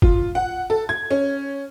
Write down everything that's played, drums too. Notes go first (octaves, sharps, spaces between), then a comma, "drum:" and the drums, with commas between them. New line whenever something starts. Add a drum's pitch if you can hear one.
F4, drum: kick
F#5
A4
G#6
C#4